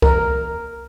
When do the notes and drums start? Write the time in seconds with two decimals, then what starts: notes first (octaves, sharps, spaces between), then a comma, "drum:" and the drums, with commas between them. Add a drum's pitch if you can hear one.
0.02 A#4, drum: kick C2